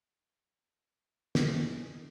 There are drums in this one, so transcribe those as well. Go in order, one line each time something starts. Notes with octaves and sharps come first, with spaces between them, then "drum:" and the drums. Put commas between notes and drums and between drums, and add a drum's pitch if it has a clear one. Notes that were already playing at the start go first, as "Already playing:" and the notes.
G#3 G#4 A4 A5, drum: snare